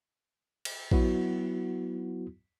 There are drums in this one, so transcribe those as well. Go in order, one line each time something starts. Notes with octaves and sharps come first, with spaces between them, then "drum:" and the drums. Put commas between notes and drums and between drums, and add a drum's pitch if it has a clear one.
drum: cymbal
F#3 B3 E4 F#4, drum: kick A#1